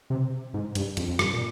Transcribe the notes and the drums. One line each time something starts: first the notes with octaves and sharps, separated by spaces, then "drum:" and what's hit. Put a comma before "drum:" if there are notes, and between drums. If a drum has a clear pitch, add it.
C3
G#2
G2, drum: hi-hat
F2, drum: hi-hat
F2
G2, drum: rim click
A#2